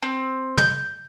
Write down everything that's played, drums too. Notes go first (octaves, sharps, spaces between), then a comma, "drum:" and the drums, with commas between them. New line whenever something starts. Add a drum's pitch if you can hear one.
C4
G6, drum: tom